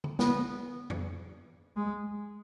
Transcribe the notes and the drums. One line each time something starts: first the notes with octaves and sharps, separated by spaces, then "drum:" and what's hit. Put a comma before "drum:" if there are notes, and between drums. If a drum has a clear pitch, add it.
drum: tom D3
B3, drum: snare
drum: tom F2
G#3